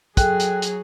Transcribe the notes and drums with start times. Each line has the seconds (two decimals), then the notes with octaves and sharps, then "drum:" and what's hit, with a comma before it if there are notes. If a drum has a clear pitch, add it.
0.17 F#3 G#4 A4 G5 F#6, drum: kick, hi-hat
0.40 drum: hi-hat
0.62 drum: hi-hat